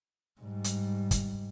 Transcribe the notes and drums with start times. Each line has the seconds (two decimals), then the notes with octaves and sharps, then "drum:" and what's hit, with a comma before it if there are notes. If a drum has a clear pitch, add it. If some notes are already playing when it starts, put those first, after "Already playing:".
0.41 G#2 G3
0.64 drum: hi-hat
1.11 drum: kick, hi-hat